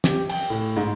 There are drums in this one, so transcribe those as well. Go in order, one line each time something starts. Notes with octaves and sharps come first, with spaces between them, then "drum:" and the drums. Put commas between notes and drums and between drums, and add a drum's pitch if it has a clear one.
G4, drum: snare
G5, drum: cymbal
A2
G#2